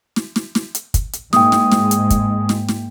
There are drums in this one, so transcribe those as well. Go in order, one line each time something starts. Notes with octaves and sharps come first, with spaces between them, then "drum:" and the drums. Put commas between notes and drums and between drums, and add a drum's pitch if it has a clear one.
drum: snare
drum: snare
drum: snare
drum: hi-hat
drum: kick, hi-hat
drum: hi-hat
G#2 G#3 A#3 G5 D#6, drum: snare
drum: snare
drum: snare
drum: hi-hat
drum: kick, hi-hat
drum: snare
drum: snare